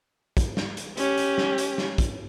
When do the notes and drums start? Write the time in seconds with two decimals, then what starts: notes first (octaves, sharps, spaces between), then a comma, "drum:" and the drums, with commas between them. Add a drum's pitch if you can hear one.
0.37 drum: kick, hi-hat
0.57 drum: snare
0.77 drum: hi-hat
0.97 C#4 G4, drum: hi-hat
1.18 drum: hi-hat
1.38 drum: snare
1.58 drum: hi-hat
1.78 drum: snare
1.98 drum: kick, hi-hat